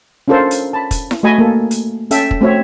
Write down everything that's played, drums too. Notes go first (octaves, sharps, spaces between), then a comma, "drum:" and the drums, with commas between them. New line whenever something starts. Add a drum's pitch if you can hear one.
C#4 D4 F4 A4 A#4 C5
drum: hi-hat
A5 B5
drum: kick, hi-hat
drum: snare E4
A3 F#4 D#5 G#5 B5
A#3 A4
drum: hi-hat
C#4 A4 E5 G5, drum: hi-hat
drum: kick
A3 C4 F#4 C#5 E5